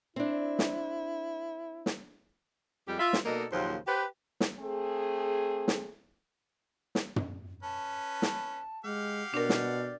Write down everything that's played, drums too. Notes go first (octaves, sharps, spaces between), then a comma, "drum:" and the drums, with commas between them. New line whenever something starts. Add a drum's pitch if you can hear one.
C4 D4 E4
drum: snare
drum: snare
F2 G3 G#3 G4
F4 E5
drum: snare
B2 A#3 D#4 A4 D5 D#5
D#2 A#2 C#3 F3 F#3 C5
G4 B4 C5
drum: snare
A3 C4 G#4
drum: snare
drum: snare
drum: tom
C#4 B4 A5
drum: snare
G#3 G4 F5 F#5
B2 D4 A#4 D5
drum: snare